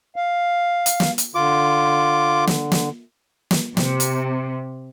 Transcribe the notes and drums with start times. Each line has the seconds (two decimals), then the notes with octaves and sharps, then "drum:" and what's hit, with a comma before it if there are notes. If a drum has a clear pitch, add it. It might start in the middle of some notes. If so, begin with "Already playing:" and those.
0.16 F5
0.86 drum: hi-hat
1.00 drum: snare
1.18 drum: hi-hat
1.35 D3 F4 D6
2.47 drum: snare
2.72 drum: snare
3.51 drum: snare
3.77 C3, drum: snare
4.00 drum: hi-hat